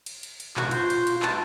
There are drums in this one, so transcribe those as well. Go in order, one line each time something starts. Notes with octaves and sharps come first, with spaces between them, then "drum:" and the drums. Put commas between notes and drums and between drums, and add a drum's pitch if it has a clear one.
drum: cymbal
drum: cymbal
drum: cymbal
B2 F#4, drum: clap
F4 C5, drum: cymbal
drum: cymbal
drum: cymbal
A5, drum: clap